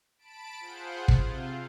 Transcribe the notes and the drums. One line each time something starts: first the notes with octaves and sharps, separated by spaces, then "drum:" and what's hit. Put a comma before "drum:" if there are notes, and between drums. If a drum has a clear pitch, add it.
A5 B5 D7
F4 G#4 C5 F#5
drum: kick
C3 F4